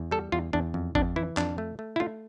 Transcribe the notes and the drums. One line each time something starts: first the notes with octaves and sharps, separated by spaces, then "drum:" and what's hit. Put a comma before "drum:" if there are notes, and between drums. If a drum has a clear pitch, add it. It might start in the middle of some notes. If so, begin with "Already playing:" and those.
Already playing: E2
G3 A4
E2 F4
E2 D4
F2
F2 D4, drum: kick G#1
E3 E4
F2 D4, drum: clap
A3
A3
E4
A3 F4